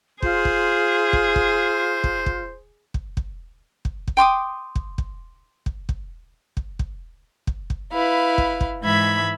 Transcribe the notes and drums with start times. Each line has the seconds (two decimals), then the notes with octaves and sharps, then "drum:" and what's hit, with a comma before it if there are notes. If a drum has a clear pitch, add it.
0.22 F4 G#4 C5, drum: kick
0.45 drum: kick
1.13 drum: kick
1.36 drum: kick
2.04 drum: kick
2.26 drum: kick
2.94 drum: kick
3.17 drum: kick
3.85 drum: kick
4.08 drum: kick
4.17 G5 C6 D6 D#6
4.75 drum: kick
4.98 drum: kick
5.66 drum: kick
5.89 drum: kick
6.57 drum: kick
6.79 drum: kick
7.47 drum: kick
7.70 drum: kick
7.92 E4 B4 F5
8.38 drum: kick
8.61 drum: kick
8.83 G#2 E3 G#3 E5 B5 G#6